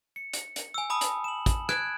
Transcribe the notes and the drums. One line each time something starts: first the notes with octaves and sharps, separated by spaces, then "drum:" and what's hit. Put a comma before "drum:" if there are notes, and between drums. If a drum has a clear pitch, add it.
C#7
drum: hi-hat
drum: hi-hat
G#5 E6
A5 B5 D#6 E6
drum: hi-hat
E7 F#7
drum: kick, hi-hat
F#6 G#6 D7 E7, drum: rim click